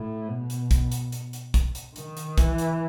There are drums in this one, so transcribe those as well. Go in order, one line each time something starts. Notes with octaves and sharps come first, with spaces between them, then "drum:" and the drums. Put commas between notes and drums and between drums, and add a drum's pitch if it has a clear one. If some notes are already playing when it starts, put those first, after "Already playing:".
Already playing: A2
B2
drum: hi-hat
drum: kick, hi-hat
drum: hi-hat
drum: hi-hat
drum: hi-hat
drum: kick, hi-hat
drum: hi-hat
D#3, drum: hi-hat
drum: hi-hat
E3, drum: kick, hi-hat
drum: hi-hat